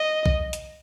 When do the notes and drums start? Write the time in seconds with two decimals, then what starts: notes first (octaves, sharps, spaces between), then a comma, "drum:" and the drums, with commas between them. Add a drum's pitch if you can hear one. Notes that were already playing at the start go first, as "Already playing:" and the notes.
Already playing: D#5
0.26 drum: kick B1
0.53 drum: hi-hat